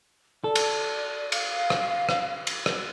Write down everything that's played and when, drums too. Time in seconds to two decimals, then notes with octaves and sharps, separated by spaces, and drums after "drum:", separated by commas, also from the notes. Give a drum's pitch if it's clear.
0.44 A4 D5
0.55 drum: cymbal
1.32 F5, drum: cymbal
1.70 drum: rim click
2.09 drum: rim click
2.47 drum: cymbal
2.66 drum: rim click